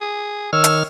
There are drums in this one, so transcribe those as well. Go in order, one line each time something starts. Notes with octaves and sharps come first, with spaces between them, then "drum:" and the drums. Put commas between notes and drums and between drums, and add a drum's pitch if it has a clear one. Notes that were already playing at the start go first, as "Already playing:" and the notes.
G#4
D#3 C#5 E6 F6
drum: hi-hat